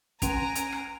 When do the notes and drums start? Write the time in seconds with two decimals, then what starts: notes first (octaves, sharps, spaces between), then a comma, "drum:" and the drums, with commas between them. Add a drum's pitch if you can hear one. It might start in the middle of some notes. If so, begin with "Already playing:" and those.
0.22 C#4 G#5 A#5 D7 F7, drum: kick, hi-hat
0.56 drum: hi-hat
0.72 drum: rim click